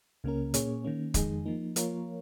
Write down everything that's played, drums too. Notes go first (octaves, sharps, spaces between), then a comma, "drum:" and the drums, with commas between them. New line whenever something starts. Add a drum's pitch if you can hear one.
C#2 C#3 A#3 C#4 A#4
A#2 A#3 C#4 G#4 C#5, drum: hi-hat
D#3 A#3 C#4
F2 D#3 G#3 D#4 G#4, drum: kick, hi-hat
F3 A#3 D#4
F3 A#3 F4 A#4 C#5, drum: hi-hat